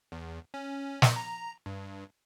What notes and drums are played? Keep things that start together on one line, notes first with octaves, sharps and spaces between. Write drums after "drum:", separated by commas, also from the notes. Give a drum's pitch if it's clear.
E2
C#4
drum: snare
A#5
G2